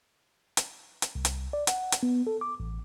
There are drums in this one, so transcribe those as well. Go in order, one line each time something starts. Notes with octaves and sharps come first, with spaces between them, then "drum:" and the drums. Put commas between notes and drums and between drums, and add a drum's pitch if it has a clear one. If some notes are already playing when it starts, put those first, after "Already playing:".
drum: hi-hat
drum: hi-hat
C2
drum: hi-hat
D5
F#5, drum: hi-hat
drum: hi-hat
B3
A4
D6
A1